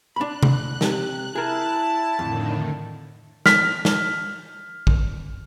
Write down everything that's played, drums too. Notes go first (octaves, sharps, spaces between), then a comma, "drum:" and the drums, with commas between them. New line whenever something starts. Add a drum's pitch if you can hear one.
D4 B5 F#6
drum: tom C3
C3, drum: snare
E4 G#4 A#4 A5
F2 A2 D3 D#3
F6 B6, drum: snare
drum: snare
drum: kick